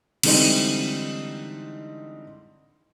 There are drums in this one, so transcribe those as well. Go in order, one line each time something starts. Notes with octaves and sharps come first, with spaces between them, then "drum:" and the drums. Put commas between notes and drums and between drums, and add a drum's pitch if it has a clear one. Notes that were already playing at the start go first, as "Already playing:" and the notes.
D3 E3 G3 G#3 C4 D#4, drum: cymbal